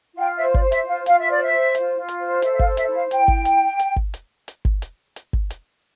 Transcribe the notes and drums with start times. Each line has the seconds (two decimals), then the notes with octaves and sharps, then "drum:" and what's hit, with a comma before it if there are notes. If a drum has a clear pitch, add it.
0.15 F4 F5
0.20 G5
0.37 C5 E5
0.55 D5, drum: kick G1
0.60 C5
0.72 E5, drum: hi-hat
0.82 F4
0.89 F5
1.06 F4 F5, drum: hi-hat
1.18 E5
1.28 C5 D5
1.43 E5
1.52 C5
1.75 F4, drum: hi-hat
1.97 F4
2.08 drum: hi-hat
2.20 C5
2.42 A4 E5, drum: hi-hat
2.53 E5
2.60 F5, drum: kick G1
2.66 C5
2.77 E5, drum: hi-hat
2.88 E4
2.94 F5
3.11 E4 G5, drum: hi-hat
3.28 drum: kick G1
3.45 drum: hi-hat
3.79 drum: hi-hat
3.97 drum: kick G1
4.14 drum: hi-hat
4.48 drum: hi-hat
4.65 drum: kick G1
4.82 drum: hi-hat
5.16 drum: hi-hat
5.33 drum: kick G1
5.50 drum: hi-hat